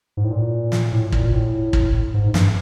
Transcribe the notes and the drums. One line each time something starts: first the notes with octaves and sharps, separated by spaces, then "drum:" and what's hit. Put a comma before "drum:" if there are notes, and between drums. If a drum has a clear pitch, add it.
G#2
A2
A#2
drum: snare
A2
A#2, drum: kick
A2
drum: kick
G#2
G2, drum: snare